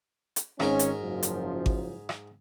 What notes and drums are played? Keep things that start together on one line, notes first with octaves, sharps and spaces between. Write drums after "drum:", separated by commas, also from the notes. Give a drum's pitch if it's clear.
drum: hi-hat
G#1 G#2 C#4 A#4, drum: rim click
drum: hi-hat
F#1 F#2 F3
drum: hi-hat
drum: kick G#1
drum: rim click